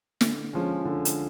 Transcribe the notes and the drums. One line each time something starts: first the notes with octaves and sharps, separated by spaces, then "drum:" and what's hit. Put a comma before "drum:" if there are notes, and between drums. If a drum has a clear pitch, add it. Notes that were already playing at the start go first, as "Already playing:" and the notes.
D3, drum: snare
F3 G#3 C#4
D3
drum: hi-hat